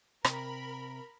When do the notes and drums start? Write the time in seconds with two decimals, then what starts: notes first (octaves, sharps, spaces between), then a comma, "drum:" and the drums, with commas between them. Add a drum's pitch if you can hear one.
0.25 C3 A#4 B5, drum: rim click